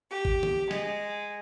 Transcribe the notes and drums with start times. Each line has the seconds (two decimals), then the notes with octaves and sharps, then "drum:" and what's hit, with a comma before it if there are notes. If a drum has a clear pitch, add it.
0.11 G4
0.25 drum: kick
0.43 drum: tom
0.71 G#3, drum: snare